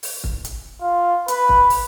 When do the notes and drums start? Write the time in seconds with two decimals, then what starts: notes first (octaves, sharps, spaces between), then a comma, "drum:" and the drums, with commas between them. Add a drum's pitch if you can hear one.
0.03 drum: open hi-hat
0.24 drum: kick
0.45 drum: hi-hat
0.81 F4
1.28 B4, drum: hi-hat
1.49 drum: kick
1.70 drum: open hi-hat